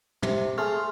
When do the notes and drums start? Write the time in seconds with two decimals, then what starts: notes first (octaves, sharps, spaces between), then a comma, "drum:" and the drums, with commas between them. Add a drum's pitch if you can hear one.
0.23 C3, drum: tom
0.58 A3 G#4 C6 F6